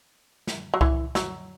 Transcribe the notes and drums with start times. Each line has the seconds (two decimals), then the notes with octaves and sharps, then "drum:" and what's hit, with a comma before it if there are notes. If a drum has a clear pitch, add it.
0.47 drum: snare
0.74 F#3
0.81 E3, drum: kick C2
1.15 F#3, drum: snare